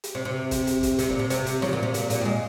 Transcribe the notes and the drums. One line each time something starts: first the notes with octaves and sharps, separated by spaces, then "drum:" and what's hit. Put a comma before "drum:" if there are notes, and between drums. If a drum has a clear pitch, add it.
drum: hi-hat
C3
C3
drum: kick, hi-hat
drum: hi-hat
drum: kick, hi-hat
C3, drum: hi-hat
A#2
C3
C3, drum: hi-hat
drum: hi-hat
C#3, drum: snare
A#2
C3
A#2, drum: hi-hat
A#2, drum: hi-hat
G3
G#3